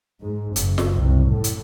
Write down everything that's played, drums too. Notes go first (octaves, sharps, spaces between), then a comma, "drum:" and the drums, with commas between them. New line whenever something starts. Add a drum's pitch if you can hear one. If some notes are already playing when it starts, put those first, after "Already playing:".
G#2
F#1, drum: hi-hat
drum: snare
C2
A2
drum: hi-hat